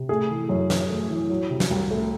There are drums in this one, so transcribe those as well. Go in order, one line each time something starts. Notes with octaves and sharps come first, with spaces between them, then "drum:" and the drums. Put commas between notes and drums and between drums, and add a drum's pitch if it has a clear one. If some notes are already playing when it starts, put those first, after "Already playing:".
Already playing: C3
A3 G#4
E3
F#2
F#2, drum: snare
A3
E3
F#3
C3
drum: snare
C2
A3